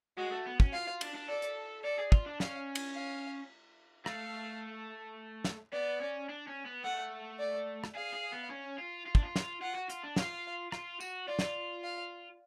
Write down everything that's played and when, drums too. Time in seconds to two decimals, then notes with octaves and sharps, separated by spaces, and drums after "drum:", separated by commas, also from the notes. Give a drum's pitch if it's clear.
0.18 G#3 F#4
0.32 A3
0.46 B3
0.60 C#4, drum: kick
0.73 F4 F5
0.88 F4
1.01 D4, drum: cymbal
1.15 D4
1.28 A4 D5
1.42 drum: hi-hat
1.84 A4 D5
1.99 G#4
2.12 F4, drum: kick
2.26 D4
2.40 C#4 F5, drum: snare
2.75 drum: cymbal
2.95 F5
4.06 A3 F5, drum: rim click
5.44 drum: snare
5.73 B3 D5
6.01 C#4
6.29 D4
6.47 C#4
6.65 B3
6.84 A3 F#5
7.39 D5
7.84 drum: rim click
7.95 G#4 F5
8.13 G#4
8.32 B3
8.50 C#4
8.78 F4
9.06 F4
9.15 D4, drum: kick
9.23 F4
9.36 drum: snare
9.62 F4 F#5
9.75 F#4
9.90 F4, drum: hi-hat
10.04 D4
10.16 F4 F5, drum: snare
10.72 F4, drum: rim click
11.01 F#4, drum: tambourine
11.27 F4 D5
11.39 drum: snare
11.84 F5